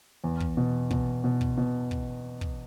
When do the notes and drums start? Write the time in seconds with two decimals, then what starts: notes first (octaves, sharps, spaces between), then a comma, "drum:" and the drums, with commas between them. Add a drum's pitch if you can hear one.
0.24 E2
0.40 drum: kick
0.57 B2
0.91 B2, drum: kick
1.24 B2
1.41 drum: kick
1.57 B2
1.91 drum: kick
2.41 drum: kick